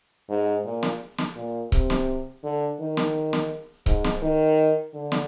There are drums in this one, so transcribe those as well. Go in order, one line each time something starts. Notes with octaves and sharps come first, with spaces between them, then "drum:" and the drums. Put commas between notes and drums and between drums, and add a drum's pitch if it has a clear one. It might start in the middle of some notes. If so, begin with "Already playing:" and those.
G#2
A#2
drum: snare
drum: snare
A#2
C3, drum: kick C#1
drum: snare
D3
D#3
drum: snare
drum: snare
G#2, drum: kick C#1
drum: snare
D#3
D3
drum: snare